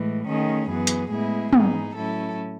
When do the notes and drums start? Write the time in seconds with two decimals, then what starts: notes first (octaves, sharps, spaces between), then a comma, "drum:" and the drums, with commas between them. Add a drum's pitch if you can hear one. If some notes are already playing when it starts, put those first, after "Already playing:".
Already playing: A2 E3 G#3
0.27 D#3 A3 C#4 G#4
0.69 F#2 E3 B3 G#4
0.87 drum: hi-hat
1.11 A2 G#3 B3 E4 G#4
1.53 G#2 E3 B3 D#4 G#4, drum: tom
1.95 A2 F#3 C#4 E4 A4